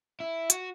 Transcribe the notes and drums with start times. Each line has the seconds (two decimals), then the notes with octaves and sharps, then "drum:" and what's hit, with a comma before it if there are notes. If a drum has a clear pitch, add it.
0.20 E4
0.50 F#4, drum: hi-hat